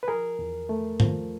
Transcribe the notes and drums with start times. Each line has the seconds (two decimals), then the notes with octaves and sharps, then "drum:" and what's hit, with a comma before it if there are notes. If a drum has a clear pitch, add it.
0.03 B4
0.08 F3 G#4 A#4
0.39 E2
0.69 A3
1.00 F3, drum: tom G2